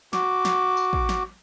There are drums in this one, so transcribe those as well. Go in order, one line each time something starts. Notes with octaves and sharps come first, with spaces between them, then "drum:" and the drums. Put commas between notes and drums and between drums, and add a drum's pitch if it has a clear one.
F#4 D6, drum: snare
drum: snare
drum: tambourine
drum: kick
drum: snare